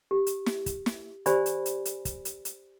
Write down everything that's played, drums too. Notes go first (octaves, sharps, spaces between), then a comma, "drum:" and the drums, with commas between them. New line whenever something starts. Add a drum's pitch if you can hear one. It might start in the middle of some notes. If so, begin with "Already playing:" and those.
G4
drum: hi-hat
drum: snare
drum: kick, hi-hat
drum: snare
G4 C5 D5 G#5 B5, drum: hi-hat
drum: hi-hat
drum: hi-hat
drum: hi-hat
drum: kick, hi-hat
drum: hi-hat
drum: hi-hat